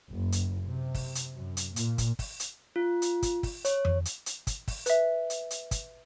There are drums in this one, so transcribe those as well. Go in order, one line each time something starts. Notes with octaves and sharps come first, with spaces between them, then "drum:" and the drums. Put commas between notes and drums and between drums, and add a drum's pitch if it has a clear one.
F#1
drum: hi-hat
C3
drum: kick, open hi-hat
drum: hi-hat
F#2
drum: hi-hat
A#2, drum: hi-hat
drum: kick, hi-hat
drum: kick, open hi-hat
drum: hi-hat
F4
drum: hi-hat
drum: kick, hi-hat
drum: kick, open hi-hat
C#5, drum: hi-hat
drum: tom F2
drum: hi-hat
drum: hi-hat
drum: kick, hi-hat
drum: kick, open hi-hat
B4 E5, drum: hi-hat
drum: hi-hat
drum: hi-hat
drum: kick, hi-hat